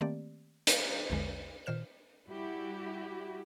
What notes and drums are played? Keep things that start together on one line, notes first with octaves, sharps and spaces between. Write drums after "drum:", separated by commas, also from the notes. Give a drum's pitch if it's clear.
D#3 A3 A#3 C4 G4 D5
drum: hi-hat
A#1 E2 D3 G#3
A#2 D#3 C5 F6 E7
G3 E4 F#4 G4